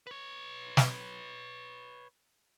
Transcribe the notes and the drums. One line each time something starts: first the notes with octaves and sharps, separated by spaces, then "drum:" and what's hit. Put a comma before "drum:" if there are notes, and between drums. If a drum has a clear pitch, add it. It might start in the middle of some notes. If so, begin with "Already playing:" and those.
B4 C#5
drum: snare